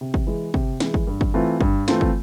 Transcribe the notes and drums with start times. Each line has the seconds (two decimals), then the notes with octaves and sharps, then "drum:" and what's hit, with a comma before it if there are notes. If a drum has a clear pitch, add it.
0.01 C3
0.14 drum: kick
0.27 E3 G#3
0.54 C3, drum: kick
0.80 E3 G#3, drum: snare
0.94 drum: kick
1.07 G2
1.21 drum: kick
1.34 E3 A3 C4 F4
1.61 G2, drum: kick
1.88 E3 A3 C4 F4, drum: snare
2.01 drum: kick